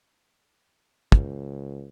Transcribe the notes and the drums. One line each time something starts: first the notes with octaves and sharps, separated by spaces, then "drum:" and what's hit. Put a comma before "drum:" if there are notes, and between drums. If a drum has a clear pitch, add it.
C#2, drum: kick